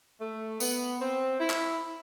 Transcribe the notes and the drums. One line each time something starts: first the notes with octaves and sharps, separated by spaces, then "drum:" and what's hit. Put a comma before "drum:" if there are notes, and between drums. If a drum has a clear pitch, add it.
A3
B3, drum: tambourine
C4
E4
drum: clap